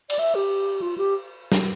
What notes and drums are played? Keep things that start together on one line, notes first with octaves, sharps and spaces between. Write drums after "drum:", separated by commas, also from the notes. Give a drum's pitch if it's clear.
D5, drum: cymbal
E5
G4
F4
G4
drum: snare